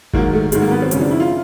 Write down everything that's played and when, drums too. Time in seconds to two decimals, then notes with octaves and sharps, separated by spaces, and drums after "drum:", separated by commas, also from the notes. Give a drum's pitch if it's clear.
0.13 G#2 D#3 F#3 A#3, drum: kick G#1
0.33 A3
0.52 G#2 D#3 F#3 G#3, drum: hi-hat
0.62 A#3
0.71 B3
0.82 C4
0.91 F#2 C#3 F3 C#4, drum: hi-hat
1.01 D4
1.11 E4
1.20 F4